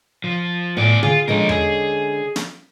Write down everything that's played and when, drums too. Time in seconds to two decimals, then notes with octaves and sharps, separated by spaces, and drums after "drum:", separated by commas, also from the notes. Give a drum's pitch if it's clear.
0.24 F3
0.77 A2 B3 D5
1.03 F4 G#4, drum: tom D3
1.28 D3 F3 G#3 C#4 A#4
1.49 G#4, drum: tom E2
2.36 drum: snare